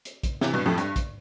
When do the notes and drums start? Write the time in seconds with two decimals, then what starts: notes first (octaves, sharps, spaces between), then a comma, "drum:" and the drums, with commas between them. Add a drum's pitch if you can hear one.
0.05 drum: hi-hat
0.23 drum: kick, hi-hat
0.41 C3 E3, drum: snare
0.54 G2 B2
0.66 F2 A2
0.78 G2, drum: hi-hat
0.96 drum: kick, hi-hat